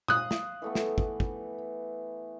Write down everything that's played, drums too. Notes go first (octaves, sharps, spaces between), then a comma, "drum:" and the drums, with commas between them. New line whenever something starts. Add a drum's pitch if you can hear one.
F5 C6 D#6 F#6, drum: tom A#2
drum: snare
E3 A3 B3
drum: snare
drum: kick
drum: kick